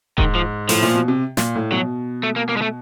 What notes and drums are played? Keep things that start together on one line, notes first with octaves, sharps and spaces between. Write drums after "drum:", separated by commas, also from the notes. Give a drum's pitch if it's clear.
G#2 D#3, drum: kick D#1
F3
A2 F3, drum: open hi-hat
A#2
B2
C3
A#2, drum: snare
A2
B2 F#3
A3
A#3
A#3
G#3
A3